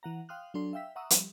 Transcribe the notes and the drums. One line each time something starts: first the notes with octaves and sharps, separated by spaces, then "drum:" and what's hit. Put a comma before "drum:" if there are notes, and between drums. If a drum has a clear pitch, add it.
E3 F#5 A#5
F5 G5 C6 D#6 F6 F#6
F#3 D4 A4 C6
E5 F5 G5 E6 B6
E5 F#5 A#5 C#6 D#6 E6
F3 G3, drum: hi-hat